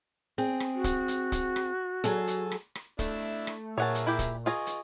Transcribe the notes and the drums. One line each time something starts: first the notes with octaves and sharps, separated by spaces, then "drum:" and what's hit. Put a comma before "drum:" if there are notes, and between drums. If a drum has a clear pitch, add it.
C4 G#4
drum: rim click
F#4
drum: kick, hi-hat
drum: hi-hat
drum: kick, hi-hat
drum: rim click
F#3 G#4 A4, drum: hi-hat
drum: hi-hat
drum: rim click
drum: rim click
A3 D4 E4, drum: kick, hi-hat
drum: rim click
A#2 G#4 A#4 C#5 E5 F#5 A5
drum: hi-hat
E4 G4
drum: kick, hi-hat
F4 G#4 D#5 A#5 C#6
drum: hi-hat